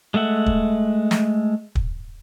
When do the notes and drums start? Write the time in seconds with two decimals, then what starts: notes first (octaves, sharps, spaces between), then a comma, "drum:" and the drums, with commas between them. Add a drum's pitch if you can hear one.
0.14 G#3 A3 E5 F#5
0.46 drum: kick
1.11 drum: snare
1.75 drum: kick